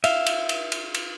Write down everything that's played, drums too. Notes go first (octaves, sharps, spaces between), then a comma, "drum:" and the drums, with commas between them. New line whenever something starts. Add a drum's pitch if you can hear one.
E5 F5, drum: cymbal
drum: cymbal
drum: cymbal
drum: cymbal
drum: cymbal